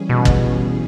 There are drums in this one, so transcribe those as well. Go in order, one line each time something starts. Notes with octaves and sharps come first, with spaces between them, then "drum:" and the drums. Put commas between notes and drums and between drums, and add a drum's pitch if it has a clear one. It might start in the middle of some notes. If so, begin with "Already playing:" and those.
Already playing: E3 G3 C#4 G#4
B2
drum: kick